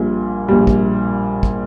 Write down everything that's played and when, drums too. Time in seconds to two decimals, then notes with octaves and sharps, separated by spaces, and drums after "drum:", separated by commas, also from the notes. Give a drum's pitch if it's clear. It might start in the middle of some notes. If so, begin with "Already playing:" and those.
Already playing: A#1 A#2 G3
0.48 A#1 A#2 G3
0.67 drum: kick
1.43 drum: kick